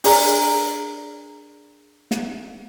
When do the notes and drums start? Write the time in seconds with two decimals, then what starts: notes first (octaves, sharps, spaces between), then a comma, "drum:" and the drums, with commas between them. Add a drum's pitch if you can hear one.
0.04 D4 G#4 A#4 D5 A#5, drum: open hi-hat
2.11 drum: snare